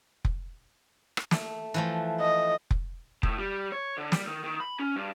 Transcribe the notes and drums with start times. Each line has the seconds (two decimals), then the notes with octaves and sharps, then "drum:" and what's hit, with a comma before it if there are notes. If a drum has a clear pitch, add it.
0.25 drum: kick F1
1.17 drum: rim click
1.31 A3, drum: snare
1.74 E3 F3 A3
2.20 D#5
2.71 drum: kick F1
3.23 A2, drum: kick F1
3.38 G3
3.72 C#5
3.98 D3
4.12 G3, drum: snare
4.27 D#3
4.44 D#3
4.60 B5
4.79 C#4
4.96 G2